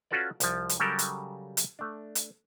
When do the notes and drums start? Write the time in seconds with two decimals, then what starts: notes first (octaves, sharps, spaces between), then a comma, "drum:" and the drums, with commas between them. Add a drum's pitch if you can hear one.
0.11 C#4 F4 F#4 A4 B4 D5
0.40 C2 F3, drum: hi-hat
0.69 drum: hi-hat
0.80 C#3 F#3 G3 G4 A4 A#4
0.99 drum: hi-hat
1.57 drum: hi-hat
1.79 A3 D4
2.15 drum: hi-hat